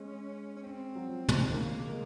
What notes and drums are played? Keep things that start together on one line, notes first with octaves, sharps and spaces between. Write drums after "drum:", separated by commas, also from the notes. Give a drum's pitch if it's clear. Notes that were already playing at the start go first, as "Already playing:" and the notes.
Already playing: G#3 C#4
C#4
C4
F#3
F3
D#3, drum: tom
C#3 A#3
G#3